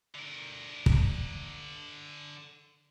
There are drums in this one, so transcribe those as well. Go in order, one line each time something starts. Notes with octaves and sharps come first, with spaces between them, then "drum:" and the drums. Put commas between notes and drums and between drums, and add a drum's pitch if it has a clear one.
D3 A#4
drum: kick